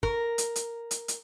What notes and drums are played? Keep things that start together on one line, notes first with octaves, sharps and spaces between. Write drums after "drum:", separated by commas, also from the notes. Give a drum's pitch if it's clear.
A#4, drum: kick
drum: hi-hat
drum: hi-hat
drum: hi-hat
drum: hi-hat